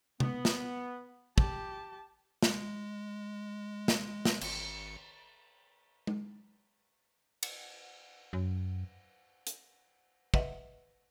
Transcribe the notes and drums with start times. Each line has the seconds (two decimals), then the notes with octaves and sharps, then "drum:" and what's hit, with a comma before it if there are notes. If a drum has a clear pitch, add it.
0.20 B3, drum: tom C3
0.45 drum: snare
1.38 G4 A5, drum: kick
2.43 G#3, drum: snare
3.88 drum: snare
4.25 drum: snare
4.41 G#1 C#7, drum: cymbal
6.07 drum: tom G#3
7.43 drum: cymbal
8.33 F#2
9.47 drum: hi-hat
10.34 B4 D#5 E5 F#5, drum: kick